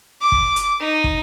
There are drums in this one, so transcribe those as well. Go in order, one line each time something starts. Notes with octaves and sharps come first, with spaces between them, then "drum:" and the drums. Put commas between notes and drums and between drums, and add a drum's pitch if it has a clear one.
D6
drum: kick
drum: hi-hat
D#4
drum: kick